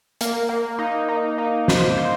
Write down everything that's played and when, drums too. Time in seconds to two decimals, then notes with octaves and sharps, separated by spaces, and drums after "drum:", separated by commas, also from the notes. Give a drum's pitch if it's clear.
0.21 A#3, drum: hi-hat
0.49 A#3
0.79 D#4
1.09 D#4
1.38 D#4
1.68 C5, drum: snare
1.98 C5